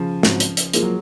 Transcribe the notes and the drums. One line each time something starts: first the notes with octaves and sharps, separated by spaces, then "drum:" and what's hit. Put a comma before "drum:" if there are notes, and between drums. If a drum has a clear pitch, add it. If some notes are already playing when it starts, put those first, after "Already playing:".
Already playing: C#3 F3
G#2 F#3 C4, drum: snare
drum: hi-hat
drum: hi-hat
F3 G#3 A#3, drum: hi-hat
F#3